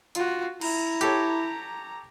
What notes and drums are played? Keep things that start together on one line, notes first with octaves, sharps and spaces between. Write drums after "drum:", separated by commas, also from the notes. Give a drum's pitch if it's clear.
F4 F#4, drum: hi-hat
E4 A#5, drum: cymbal
G4 A4 C#5, drum: hi-hat